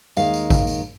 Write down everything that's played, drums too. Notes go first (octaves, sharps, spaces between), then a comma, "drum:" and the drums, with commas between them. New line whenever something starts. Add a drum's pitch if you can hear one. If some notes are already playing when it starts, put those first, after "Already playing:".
D#2 D#3 G#3 F5, drum: tambourine
drum: tambourine
drum: kick A1, tambourine
drum: tambourine